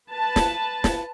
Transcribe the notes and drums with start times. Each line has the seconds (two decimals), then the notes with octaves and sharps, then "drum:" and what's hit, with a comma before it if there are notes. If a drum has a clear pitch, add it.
0.12 B4 A5
0.36 drum: snare
0.84 drum: snare